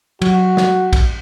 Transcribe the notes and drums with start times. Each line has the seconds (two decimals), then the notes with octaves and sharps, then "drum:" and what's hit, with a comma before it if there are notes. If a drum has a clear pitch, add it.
0.22 F#3 F#4, drum: cymbal
0.57 drum: snare
0.93 drum: kick A#1, cymbal